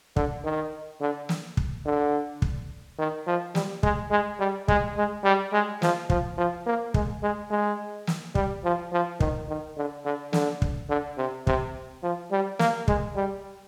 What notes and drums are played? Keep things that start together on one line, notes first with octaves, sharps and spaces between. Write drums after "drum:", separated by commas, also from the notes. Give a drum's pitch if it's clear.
D3, drum: kick
D#3
D3
drum: snare
drum: kick
D3
drum: kick
D#3
F3
G3, drum: snare
G#3, drum: kick
G#3
G3
G#3, drum: kick
G#3
G3
G#3
F3, drum: snare
F3, drum: kick
F3
A#3
G#3, drum: kick
G#3
G#3
drum: snare
G3, drum: kick
F3
F3
D#3, drum: kick
D#3
D3
D3
D3, drum: snare
drum: kick
D3
C3
C3, drum: kick
F3
G3
A#3, drum: snare
G#3, drum: kick
G3